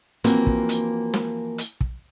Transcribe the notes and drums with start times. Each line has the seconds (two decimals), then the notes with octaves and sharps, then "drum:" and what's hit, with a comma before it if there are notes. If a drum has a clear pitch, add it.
0.24 E3 F3 A#3 C4 F4 F#4, drum: hi-hat
0.47 drum: kick
0.69 drum: hi-hat
1.14 drum: snare
1.58 drum: hi-hat
1.81 drum: kick